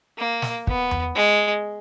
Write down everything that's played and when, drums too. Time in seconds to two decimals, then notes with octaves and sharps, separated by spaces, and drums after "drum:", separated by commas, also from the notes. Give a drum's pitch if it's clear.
0.18 A#3
0.42 drum: snare
0.67 B3, drum: kick
0.91 drum: tom E2
1.15 G#3